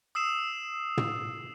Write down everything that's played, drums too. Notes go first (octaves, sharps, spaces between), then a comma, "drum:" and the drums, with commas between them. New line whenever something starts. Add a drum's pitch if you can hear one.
D#6 E6 C7 E7
drum: tom